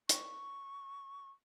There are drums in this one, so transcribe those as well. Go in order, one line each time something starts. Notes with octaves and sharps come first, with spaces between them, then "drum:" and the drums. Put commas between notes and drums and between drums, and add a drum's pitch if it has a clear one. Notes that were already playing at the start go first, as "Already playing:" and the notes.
C#6, drum: hi-hat